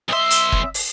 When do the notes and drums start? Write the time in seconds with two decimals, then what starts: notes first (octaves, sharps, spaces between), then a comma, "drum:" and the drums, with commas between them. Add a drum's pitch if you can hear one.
0.09 B1 D#5 E5 C6
0.30 drum: hi-hat
0.52 drum: kick F#1
0.74 drum: open hi-hat